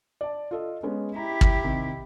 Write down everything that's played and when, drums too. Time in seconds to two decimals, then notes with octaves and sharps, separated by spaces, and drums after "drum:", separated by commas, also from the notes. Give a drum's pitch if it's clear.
0.21 D5 A5
0.51 F4 A4 D#5
0.83 G#3 B3 C#4
1.16 E4 G4 A#5
1.41 drum: kick
1.63 C3 D#3